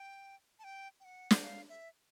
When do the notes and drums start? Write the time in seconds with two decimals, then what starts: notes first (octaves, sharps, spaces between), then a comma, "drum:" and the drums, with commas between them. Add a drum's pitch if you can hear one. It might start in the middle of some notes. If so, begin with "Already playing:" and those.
Already playing: G5
0.59 A5
0.64 G5
1.00 G5
1.05 F#5
1.31 drum: snare
1.42 F5
1.69 E5